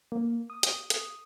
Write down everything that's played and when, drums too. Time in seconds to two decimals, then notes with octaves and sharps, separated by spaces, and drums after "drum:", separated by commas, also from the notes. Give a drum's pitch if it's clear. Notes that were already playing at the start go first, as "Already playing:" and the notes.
0.12 A#3
0.50 D#6
0.63 drum: hi-hat
0.90 drum: hi-hat